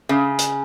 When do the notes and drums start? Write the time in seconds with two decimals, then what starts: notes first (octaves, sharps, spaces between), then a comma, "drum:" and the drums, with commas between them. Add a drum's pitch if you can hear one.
0.09 C#3
0.39 drum: hi-hat